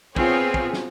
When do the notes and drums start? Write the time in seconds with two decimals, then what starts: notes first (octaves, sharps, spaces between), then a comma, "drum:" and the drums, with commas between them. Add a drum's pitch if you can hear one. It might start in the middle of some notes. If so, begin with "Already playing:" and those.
0.16 B3 C4 F4 G#4 C#5, drum: kick
0.54 drum: kick
0.73 drum: snare